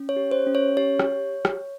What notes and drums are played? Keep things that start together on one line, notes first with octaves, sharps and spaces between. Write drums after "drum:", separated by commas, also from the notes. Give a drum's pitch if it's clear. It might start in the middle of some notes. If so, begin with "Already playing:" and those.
Already playing: C#4
C#5
G4
C5
C#4
C#5
G4 C#5
drum: rim click
drum: rim click